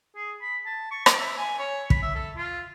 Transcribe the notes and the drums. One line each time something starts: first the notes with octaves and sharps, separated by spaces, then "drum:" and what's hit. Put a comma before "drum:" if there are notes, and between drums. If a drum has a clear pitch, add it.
G#4
B5
A5
C#6
D6, drum: rim click
E5
G#5
C#5
B5, drum: kick
E5
A4
F4